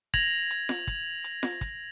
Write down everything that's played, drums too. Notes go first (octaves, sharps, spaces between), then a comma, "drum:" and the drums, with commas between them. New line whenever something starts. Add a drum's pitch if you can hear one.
G#6 A#6 F7 F#7, drum: kick, hi-hat
drum: hi-hat
drum: snare F4
drum: kick, hi-hat
drum: hi-hat
drum: snare F4
drum: kick, hi-hat